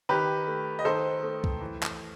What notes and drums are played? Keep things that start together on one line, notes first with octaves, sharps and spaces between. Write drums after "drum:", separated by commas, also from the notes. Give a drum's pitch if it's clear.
D#3 G4 B4
A3
D#5
D#3 A4 C5
A3
drum: kick C2
E3
drum: clap